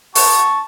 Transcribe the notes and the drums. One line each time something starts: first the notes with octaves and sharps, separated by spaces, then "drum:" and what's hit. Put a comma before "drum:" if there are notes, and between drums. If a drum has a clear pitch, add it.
B3 D#4 F#4 A5 C#6, drum: open hi-hat